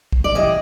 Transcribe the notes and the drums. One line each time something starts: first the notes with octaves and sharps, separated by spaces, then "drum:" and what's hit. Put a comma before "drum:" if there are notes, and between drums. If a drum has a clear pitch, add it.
drum: kick
D5
C3 E3 G3 D#5